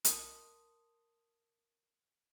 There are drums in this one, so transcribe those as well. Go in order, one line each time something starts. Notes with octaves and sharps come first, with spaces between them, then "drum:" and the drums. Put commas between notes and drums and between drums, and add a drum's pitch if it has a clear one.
A#4 A5 C6 D#6 C#7, drum: hi-hat